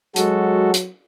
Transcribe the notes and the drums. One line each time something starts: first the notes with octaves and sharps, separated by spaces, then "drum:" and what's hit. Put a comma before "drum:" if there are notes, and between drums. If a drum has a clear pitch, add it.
F#3 G#3 F#4 A4, drum: hi-hat
drum: hi-hat